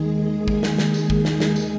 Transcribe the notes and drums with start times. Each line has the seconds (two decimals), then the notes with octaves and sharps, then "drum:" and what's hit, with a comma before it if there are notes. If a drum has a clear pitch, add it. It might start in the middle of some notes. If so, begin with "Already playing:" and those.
Already playing: D#2 D#3 G#3 G#4
0.48 G#5, drum: kick
0.63 drum: snare
0.78 drum: snare
0.94 drum: tambourine
1.10 G#5, drum: kick
1.25 drum: snare
1.40 drum: snare
1.56 drum: tambourine